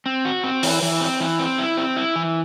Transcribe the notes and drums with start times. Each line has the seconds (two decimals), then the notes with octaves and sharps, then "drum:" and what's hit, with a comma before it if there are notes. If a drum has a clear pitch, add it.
0.06 C4
0.25 F#4
0.44 C4
0.63 E3, drum: open hi-hat
0.82 E3
1.01 C4
1.20 E3
1.39 C4
1.58 E4
1.77 C4
1.96 E4
2.16 E3